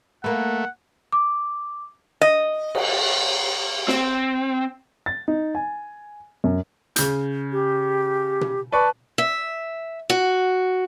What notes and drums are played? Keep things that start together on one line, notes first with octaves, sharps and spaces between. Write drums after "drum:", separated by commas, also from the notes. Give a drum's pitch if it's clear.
A3 A#3 B4 F#5
D6
D#5
drum: cymbal
C4, drum: snare
A6
D#4
G#5
F#2
C#3 G6, drum: hi-hat
G4
drum: tom B2
B4 D5 A5 C#6
E5
F#4